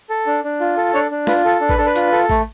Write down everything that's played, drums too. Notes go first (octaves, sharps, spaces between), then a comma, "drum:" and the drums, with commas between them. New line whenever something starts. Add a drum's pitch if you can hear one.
A4
D4
D4
F4
A4
D4 C#5
D4
F4 B4, drum: snare
A4
D4
B4, drum: kick A1
D4 A4
B4
F4, drum: hi-hat
A4
A3, drum: kick A1